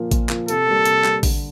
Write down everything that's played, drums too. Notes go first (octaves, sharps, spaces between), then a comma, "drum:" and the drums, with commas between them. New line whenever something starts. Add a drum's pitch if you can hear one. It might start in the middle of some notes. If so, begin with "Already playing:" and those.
Already playing: A#2 F3 A#3 F4
A#2, drum: kick A1, hi-hat
F3 A#3 F4, drum: clap
C3 A4, drum: hi-hat
G3 A#3
C3, drum: hi-hat
G3 A#3, drum: clap
D3, drum: kick A1, open hi-hat